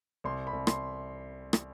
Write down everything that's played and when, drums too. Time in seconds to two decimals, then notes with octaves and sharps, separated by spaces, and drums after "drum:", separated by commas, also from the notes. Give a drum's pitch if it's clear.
0.24 C2 C6
0.47 B5
0.53 C2
0.67 C6, drum: rim click
1.53 drum: rim click